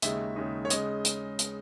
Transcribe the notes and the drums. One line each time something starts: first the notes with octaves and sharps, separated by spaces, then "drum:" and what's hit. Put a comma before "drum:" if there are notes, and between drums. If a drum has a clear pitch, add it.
D#2 C#3 G#3 D#4 E5, drum: hi-hat
D#2 C#3 G#3 D#4
C#5
C#3 G#3 C#4 D#5, drum: hi-hat
drum: hi-hat
drum: hi-hat